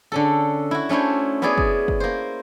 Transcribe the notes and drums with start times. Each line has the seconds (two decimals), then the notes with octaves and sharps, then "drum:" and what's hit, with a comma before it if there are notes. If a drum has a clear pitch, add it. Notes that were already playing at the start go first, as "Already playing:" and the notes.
0.12 D3 C#4 A4
0.71 E4 F#4
0.89 A3 C#4 D4 E4 C5
1.42 B3 C#4 E4 G#4 D5
1.58 drum: kick
1.88 drum: kick
2.00 A#3 C5